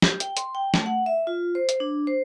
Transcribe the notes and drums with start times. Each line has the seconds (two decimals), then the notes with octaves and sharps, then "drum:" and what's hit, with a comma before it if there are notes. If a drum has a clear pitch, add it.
0.02 G4, drum: snare
0.20 G5, drum: hi-hat
0.37 C6, drum: hi-hat
0.55 G5
0.74 A3, drum: snare
0.86 F#5
1.06 E5
1.27 F4
1.55 C5
1.69 drum: hi-hat
1.80 D4
2.07 C5